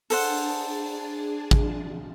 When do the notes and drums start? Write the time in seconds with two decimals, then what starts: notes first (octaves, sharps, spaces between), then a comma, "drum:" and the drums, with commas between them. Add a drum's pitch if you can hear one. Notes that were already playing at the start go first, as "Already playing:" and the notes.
0.10 D4 G#4 A4 C5 F#5 A5, drum: open hi-hat
1.51 drum: kick